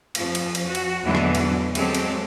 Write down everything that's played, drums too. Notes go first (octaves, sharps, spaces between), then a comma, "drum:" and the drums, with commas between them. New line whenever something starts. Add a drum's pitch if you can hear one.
F2 F3, drum: cymbal
drum: cymbal
drum: cymbal
F#4
drum: cymbal
E2 G#2 B2 D3 E3 F#3
drum: rim click
drum: cymbal
F#3 G#3 C4 G4 A4, drum: cymbal
drum: cymbal